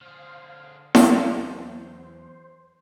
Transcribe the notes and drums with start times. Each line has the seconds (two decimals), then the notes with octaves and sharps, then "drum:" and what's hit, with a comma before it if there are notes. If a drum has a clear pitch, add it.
0.01 D3 G#4 C5 F5
0.95 E2 F#3 C5, drum: snare E4